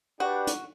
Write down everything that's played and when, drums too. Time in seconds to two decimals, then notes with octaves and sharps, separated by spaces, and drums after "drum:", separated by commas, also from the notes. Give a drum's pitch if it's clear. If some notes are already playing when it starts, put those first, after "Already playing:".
0.20 D4 F#4 G4 B4 D5
0.47 drum: hi-hat